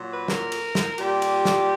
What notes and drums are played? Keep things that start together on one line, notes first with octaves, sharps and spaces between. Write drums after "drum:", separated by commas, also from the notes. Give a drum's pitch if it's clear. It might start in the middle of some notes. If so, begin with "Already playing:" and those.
Already playing: A#2 F#3
B4
A#4, drum: snare
drum: cymbal
drum: snare
A#2 G3 G4, drum: cymbal
drum: cymbal
drum: snare